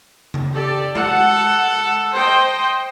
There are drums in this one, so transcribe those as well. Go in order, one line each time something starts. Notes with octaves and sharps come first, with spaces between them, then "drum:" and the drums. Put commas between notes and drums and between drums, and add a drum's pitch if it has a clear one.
drum: tom C#3
G4 A4 D5
A4 F#5, drum: tom G#3
C5 D#5 G5